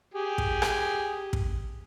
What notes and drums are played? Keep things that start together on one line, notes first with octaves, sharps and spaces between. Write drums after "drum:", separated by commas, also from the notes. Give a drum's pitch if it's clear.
G4 G#4
drum: kick
drum: rim click
drum: kick